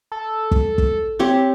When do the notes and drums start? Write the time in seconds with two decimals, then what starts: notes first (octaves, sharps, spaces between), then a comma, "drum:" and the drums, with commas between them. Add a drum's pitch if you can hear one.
0.12 A4
0.51 drum: kick
0.78 drum: kick
1.19 C4 G4 C#5